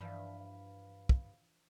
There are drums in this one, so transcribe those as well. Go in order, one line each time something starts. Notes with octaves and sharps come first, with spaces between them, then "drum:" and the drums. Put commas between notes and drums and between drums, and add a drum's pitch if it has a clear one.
G2 E3 F3 D4 F5 B5
drum: kick